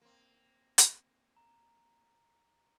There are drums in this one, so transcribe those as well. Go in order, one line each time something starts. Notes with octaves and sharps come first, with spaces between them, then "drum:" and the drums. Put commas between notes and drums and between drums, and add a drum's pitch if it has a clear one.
A#3 C4
drum: hi-hat
A#5